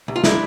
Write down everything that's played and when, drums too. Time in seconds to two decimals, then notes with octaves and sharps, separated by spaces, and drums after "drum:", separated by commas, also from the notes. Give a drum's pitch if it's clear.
0.08 C2
0.16 F4
0.24 D4 E4, drum: snare